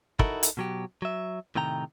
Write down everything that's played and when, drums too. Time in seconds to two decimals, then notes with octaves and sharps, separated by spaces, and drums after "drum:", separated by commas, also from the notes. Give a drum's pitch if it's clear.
0.19 D#4 E4 F#4 A4 A#4, drum: kick
0.43 drum: hi-hat
0.57 B2 F#3 G4
1.02 F#3 E5
1.55 A2 C3 D#3 G5 A#5